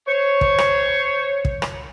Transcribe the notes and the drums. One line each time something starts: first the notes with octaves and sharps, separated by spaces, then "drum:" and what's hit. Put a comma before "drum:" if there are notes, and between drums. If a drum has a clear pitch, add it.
C5 C#5
drum: kick
drum: rim click
drum: kick
drum: rim click